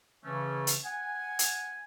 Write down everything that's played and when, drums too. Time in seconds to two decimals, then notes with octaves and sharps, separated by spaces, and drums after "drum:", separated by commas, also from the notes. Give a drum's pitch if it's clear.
0.25 C#3 E3 A3 C#4
0.67 drum: hi-hat
0.85 F#5 G#5
1.39 drum: hi-hat